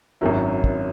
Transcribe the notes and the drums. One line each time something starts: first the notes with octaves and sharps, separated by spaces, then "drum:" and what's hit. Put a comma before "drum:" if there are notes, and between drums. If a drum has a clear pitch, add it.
G#1 F#2 D#3 F#3 E4
drum: kick